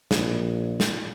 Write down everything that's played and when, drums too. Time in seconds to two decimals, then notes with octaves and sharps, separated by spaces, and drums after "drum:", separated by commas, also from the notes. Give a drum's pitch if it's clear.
0.11 A#1, drum: snare
0.80 drum: snare